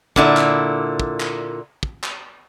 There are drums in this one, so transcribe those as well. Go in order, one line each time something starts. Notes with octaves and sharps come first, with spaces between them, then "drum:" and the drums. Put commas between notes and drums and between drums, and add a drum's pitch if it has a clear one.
A#2 D3 E4, drum: kick
drum: clap
drum: kick
drum: clap
drum: kick
drum: clap